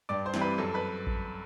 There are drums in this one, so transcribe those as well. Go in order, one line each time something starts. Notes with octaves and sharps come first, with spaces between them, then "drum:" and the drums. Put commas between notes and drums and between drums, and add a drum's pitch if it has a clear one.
G2 D5 D6
C5 C6
E3 G3 C4, drum: snare
B4 B5
F#2 A4 A5
B4 B5
drum: kick A1